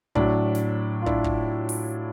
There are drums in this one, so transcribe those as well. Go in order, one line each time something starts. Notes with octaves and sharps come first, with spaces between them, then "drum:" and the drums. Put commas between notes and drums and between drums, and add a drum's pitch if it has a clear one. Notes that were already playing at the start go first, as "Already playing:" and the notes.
A2 F#3 D4 E4, drum: kick
drum: snare
F4
D4 E4, drum: kick
drum: kick
drum: open hi-hat